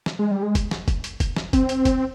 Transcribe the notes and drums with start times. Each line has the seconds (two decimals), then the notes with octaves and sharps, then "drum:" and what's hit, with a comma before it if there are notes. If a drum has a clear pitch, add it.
0.06 drum: snare
0.19 G#3
0.31 G3
0.43 G#3
0.55 drum: kick, hi-hat
0.71 drum: snare
0.88 drum: kick, hi-hat
1.04 drum: hi-hat
1.20 drum: kick, hi-hat
1.36 drum: snare
1.53 C4, drum: kick, hi-hat
1.69 drum: hi-hat
1.85 drum: kick, hi-hat